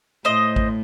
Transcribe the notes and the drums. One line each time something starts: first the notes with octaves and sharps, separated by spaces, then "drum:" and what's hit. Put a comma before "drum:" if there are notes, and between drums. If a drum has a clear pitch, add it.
A2 C5 D#5
drum: kick